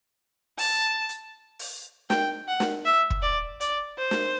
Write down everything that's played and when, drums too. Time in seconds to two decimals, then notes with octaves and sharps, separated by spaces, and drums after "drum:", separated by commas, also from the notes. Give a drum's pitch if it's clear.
0.58 A5, drum: open hi-hat
1.09 drum: hi-hat
1.59 drum: open hi-hat
2.10 G5, drum: snare
2.48 F#5
2.60 drum: snare
2.85 E5
3.10 drum: kick
3.22 D5
3.61 D5, drum: hi-hat
3.98 C5
4.11 drum: snare